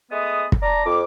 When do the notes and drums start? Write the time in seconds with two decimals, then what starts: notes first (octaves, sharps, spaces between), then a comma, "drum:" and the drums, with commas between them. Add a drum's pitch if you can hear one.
0.11 G#3 A3 B3 D#6
0.52 drum: kick
0.63 D5 A5 A#5
0.86 F2 D6